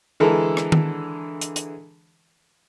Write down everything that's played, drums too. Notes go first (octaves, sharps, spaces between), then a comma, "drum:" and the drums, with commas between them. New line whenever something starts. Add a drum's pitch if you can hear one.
D3 E3 G#3 A4 A#4
drum: rim click
drum: tom D#3
drum: hi-hat
drum: hi-hat